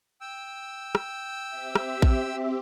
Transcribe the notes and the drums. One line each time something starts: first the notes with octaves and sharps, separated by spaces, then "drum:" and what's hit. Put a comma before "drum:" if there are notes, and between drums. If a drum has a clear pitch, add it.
G5 E6
drum: rim click
C4 G4 E5
drum: rim click
drum: kick A#1